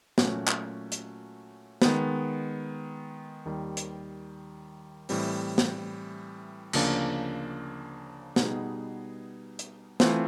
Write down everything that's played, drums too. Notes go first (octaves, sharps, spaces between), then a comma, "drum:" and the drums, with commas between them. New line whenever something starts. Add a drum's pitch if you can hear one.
A#2 F#3 A3 C#4 F#4, drum: snare
drum: clap
drum: hi-hat
D#3 G#3 B3, drum: snare
D#2 D#3 G3
drum: hi-hat
A2 E3 G3 C4, drum: open hi-hat
drum: snare
D2 C#3 F3 A#3 D4, drum: cymbal
B2 G3 B3 D#4 G#4, drum: snare
drum: hi-hat
E3 A3 C4 F4, drum: snare